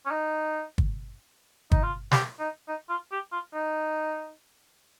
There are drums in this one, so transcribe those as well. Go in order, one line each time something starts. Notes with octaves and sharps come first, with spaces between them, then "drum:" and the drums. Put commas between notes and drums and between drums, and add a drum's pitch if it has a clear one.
C#4
D#4
drum: kick
D#4, drum: kick
F4
G4, drum: snare
D#4
D#4
F4
G4
F4
D#4